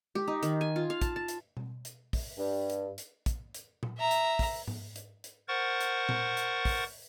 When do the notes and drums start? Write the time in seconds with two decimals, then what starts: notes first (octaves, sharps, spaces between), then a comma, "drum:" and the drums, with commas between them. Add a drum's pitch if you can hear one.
0.15 G4, drum: tom G#3
0.28 D#4
0.43 D#3, drum: hi-hat
0.61 G#5
0.76 F4
0.90 F5
1.01 A5, drum: kick, hi-hat
1.16 A5
1.28 drum: hi-hat
1.57 drum: tom B2
1.85 drum: hi-hat
2.13 drum: kick, open hi-hat
2.38 G2
2.70 drum: hi-hat
2.98 drum: hi-hat
3.26 drum: kick, hi-hat
3.54 drum: hi-hat
3.83 drum: tom A#2
3.98 E5 A#5
4.11 drum: hi-hat
4.39 drum: kick, open hi-hat
4.67 drum: tom G#2
4.96 drum: hi-hat
5.24 drum: hi-hat
5.48 A#4 C5 F#5 C#6 A6
5.81 drum: hi-hat
6.09 drum: tom A#2
6.37 drum: hi-hat
6.65 drum: kick, open hi-hat